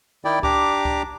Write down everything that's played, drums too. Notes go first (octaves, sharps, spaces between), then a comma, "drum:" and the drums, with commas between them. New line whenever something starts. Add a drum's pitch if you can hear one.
D#3 E4 D5 G5
D4 G4 A#5 D6, drum: kick C#2
drum: kick C#2